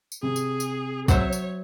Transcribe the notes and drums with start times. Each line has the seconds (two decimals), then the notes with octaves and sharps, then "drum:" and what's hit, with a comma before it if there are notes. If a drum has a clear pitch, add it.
0.12 drum: tambourine
0.23 C3 G#4
0.36 drum: tambourine
0.60 drum: tambourine
1.08 F#3 C5 C#5 E5, drum: kick, tambourine
1.33 drum: tambourine